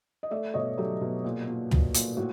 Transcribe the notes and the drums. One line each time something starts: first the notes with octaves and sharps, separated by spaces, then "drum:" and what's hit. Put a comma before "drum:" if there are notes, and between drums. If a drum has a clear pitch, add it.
D#5
A3 D5 E5
B2 C#5 D#5
F#3 G4 A4
B2
A#2
A#2
A#2, drum: tom
A#2, drum: hi-hat
A2 F#4